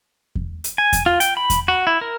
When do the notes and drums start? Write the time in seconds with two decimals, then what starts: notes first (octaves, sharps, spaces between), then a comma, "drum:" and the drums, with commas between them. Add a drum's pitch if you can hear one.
0.35 drum: kick E2
0.64 drum: hi-hat
0.78 G#5
0.93 drum: kick E2, hi-hat
1.06 F4
1.20 G5, drum: hi-hat
1.37 B5
1.50 drum: kick E2, hi-hat
1.68 F#4
1.87 E4
2.01 A#4